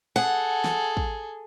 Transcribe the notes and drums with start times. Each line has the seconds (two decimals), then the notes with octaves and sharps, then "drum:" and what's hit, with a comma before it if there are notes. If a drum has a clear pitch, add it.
0.16 G#4 A4 F#5
0.64 drum: snare
0.97 drum: kick